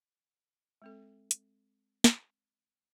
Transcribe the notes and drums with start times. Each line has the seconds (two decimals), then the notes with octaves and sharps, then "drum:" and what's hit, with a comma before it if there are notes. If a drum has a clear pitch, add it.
0.82 G#3 C4 A4
1.31 drum: hi-hat
2.04 drum: snare